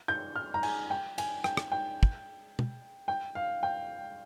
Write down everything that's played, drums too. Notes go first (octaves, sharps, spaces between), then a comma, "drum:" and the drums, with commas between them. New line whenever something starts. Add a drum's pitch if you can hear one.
G6
F6
A#5
G#5, drum: cymbal
G5
G#5, drum: cymbal
G5, drum: rim click
drum: rim click
G5
drum: kick
drum: tom B2
G5
F5
G5